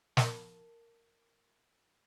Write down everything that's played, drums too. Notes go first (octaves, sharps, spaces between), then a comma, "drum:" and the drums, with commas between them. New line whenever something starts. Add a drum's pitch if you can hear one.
A#4 A5, drum: snare